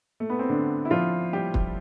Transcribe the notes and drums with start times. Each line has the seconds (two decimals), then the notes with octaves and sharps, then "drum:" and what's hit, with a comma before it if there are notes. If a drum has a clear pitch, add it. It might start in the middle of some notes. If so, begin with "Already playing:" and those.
0.20 A3
0.30 B3
0.39 C4
0.49 D3 D4
0.85 E4
0.91 F3 F4
1.33 G3 G4
1.54 drum: kick